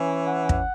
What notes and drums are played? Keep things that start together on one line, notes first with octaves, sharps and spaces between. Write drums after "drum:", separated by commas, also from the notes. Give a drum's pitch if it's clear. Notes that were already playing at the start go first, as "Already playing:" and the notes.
Already playing: E3 C#4
F#5
drum: kick